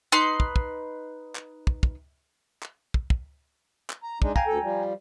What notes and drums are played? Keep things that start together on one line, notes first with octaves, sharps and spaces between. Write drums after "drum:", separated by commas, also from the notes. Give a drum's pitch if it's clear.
D#4 B4 C6
drum: kick
drum: kick
drum: clap
drum: kick
drum: kick
drum: clap
drum: kick
drum: kick
drum: clap
A#5
G#3 D4 D#4, drum: kick
F5 G5 G#5 A#5, drum: kick
D2 A4
F3 G3